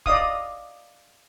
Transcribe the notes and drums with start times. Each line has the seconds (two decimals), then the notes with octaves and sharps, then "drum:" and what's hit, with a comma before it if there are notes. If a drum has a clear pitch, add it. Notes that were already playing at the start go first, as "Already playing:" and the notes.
0.06 D5 D#5 F5 D#6, drum: kick